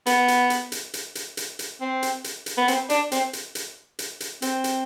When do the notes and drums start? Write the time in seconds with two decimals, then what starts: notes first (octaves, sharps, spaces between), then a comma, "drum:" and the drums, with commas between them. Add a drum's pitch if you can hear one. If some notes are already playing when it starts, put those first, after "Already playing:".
0.06 B3, drum: hi-hat
0.28 drum: hi-hat
0.50 drum: hi-hat
0.72 drum: hi-hat
0.94 drum: hi-hat
1.15 drum: hi-hat
1.37 drum: hi-hat
1.59 drum: hi-hat
1.81 C4
2.03 drum: hi-hat
2.24 drum: hi-hat
2.46 drum: hi-hat
2.57 B3
2.68 C4, drum: hi-hat
2.90 D4, drum: hi-hat
3.12 C4, drum: hi-hat
3.33 drum: hi-hat
3.55 drum: hi-hat
3.99 drum: hi-hat
4.20 drum: hi-hat
4.42 C4, drum: hi-hat
4.64 drum: hi-hat